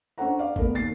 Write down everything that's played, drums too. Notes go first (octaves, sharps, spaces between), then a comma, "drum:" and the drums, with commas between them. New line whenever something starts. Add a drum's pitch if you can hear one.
C#4 D4 A4 C5 F#5 A#5
D5 F5
A3 B3 A#4, drum: kick G1
D#2 A6 C7